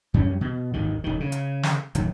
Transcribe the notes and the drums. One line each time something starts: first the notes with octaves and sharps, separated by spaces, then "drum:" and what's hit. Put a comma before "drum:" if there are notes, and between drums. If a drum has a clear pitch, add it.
F#2 G3 A3 C#4
B2
G#1 D#2 D#3
D#1 D#3
C#3
drum: hi-hat
drum: snare
D1 D#3 F#3, drum: hi-hat